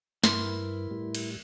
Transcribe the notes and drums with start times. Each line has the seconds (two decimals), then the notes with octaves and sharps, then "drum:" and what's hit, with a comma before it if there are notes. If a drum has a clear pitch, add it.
0.24 G2 E4 A#4 B4 C6, drum: snare
0.91 A2 G3
1.15 drum: cymbal